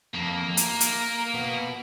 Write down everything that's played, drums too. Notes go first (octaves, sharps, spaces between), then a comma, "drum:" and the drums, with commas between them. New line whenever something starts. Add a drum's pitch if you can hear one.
F2 A#3
A#4, drum: hi-hat
drum: hi-hat
B2 B3